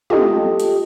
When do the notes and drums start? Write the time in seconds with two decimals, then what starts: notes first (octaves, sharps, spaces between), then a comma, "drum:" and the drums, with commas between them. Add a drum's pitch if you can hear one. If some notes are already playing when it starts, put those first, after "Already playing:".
0.10 F4 G4 A4 D#5, drum: tom
0.60 drum: hi-hat